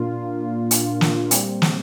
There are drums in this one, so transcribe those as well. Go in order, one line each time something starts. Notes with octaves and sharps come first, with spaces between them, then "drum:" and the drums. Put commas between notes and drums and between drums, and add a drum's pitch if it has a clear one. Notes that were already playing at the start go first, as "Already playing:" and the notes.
Already playing: A#2 A#3 D4 F4
drum: hi-hat
drum: snare
A#2 G3 C4, drum: hi-hat
drum: snare